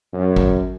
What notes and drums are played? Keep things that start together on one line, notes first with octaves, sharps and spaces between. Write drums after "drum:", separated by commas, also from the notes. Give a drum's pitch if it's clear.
F#2
drum: kick